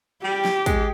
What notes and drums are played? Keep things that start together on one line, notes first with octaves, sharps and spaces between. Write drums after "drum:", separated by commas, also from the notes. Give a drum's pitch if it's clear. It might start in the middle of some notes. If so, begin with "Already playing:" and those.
G3 G4
drum: snare
G#3, drum: kick, hi-hat